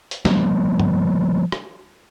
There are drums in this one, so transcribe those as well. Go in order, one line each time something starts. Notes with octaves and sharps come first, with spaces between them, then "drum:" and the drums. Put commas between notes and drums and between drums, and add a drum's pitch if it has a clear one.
drum: hi-hat
F3 G3 A#3 B3, drum: snare
drum: tom G2
drum: rim click